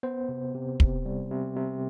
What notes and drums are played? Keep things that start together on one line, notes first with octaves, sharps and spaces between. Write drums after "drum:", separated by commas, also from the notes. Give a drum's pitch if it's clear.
B3 C5
C3
C3
C3, drum: kick
G3
C3
C3